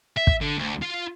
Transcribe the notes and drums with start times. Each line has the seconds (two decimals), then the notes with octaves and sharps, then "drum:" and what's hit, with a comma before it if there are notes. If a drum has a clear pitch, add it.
0.17 E5
0.27 drum: kick
0.41 D3
0.58 D2
0.82 F4